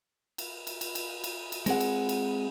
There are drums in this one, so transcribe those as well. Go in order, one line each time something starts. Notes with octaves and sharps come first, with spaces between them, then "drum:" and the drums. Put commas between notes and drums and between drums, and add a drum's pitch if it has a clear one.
drum: cymbal
drum: cymbal
drum: cymbal
drum: cymbal
drum: cymbal
drum: cymbal
G#3 C4 G#4 F#5, drum: cymbal
drum: cymbal
drum: cymbal